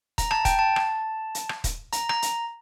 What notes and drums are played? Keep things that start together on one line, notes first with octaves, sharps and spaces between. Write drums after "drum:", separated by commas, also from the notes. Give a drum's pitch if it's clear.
A#5, drum: kick D#1, hi-hat
A5, drum: rim click
G5, drum: kick D#1, hi-hat
A5
drum: rim click
drum: hi-hat
drum: rim click
drum: kick D#1, hi-hat
A#5, drum: hi-hat
A#5, drum: rim click
drum: hi-hat